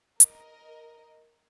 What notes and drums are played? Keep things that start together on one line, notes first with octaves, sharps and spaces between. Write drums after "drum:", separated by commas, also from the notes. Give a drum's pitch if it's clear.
A#4 D#5, drum: hi-hat